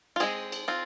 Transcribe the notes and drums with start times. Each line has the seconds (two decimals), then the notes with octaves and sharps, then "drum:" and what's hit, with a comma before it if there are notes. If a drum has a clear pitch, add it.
0.16 F4
0.20 G#3 C4 G#4, drum: cymbal
0.52 drum: cymbal
0.68 C4 F4